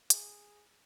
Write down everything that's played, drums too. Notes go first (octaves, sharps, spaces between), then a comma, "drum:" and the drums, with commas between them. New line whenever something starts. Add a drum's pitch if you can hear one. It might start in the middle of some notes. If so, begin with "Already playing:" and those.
G#4, drum: hi-hat